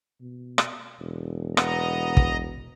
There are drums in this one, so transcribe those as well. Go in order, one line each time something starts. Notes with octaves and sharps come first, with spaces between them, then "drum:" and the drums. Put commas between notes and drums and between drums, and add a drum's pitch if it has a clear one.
B2
drum: rim click
E1
B3 D#5 A#5, drum: rim click
drum: kick